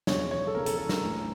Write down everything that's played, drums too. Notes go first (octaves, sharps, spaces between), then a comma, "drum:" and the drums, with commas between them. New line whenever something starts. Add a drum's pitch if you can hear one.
E1 E2 C#3 F3 C#5, drum: snare
C#5
A4
E1 E2 C#3 F3 A#4
A4, drum: hi-hat
A4
A#4, drum: snare
A#1 A2 E3